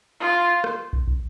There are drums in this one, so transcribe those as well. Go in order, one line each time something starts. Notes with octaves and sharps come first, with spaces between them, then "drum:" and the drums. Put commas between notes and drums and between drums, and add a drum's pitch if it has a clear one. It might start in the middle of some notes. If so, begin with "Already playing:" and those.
F4
drum: rim click
drum: kick
drum: kick